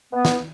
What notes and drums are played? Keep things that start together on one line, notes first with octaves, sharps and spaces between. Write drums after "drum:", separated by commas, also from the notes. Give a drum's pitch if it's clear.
B3
drum: snare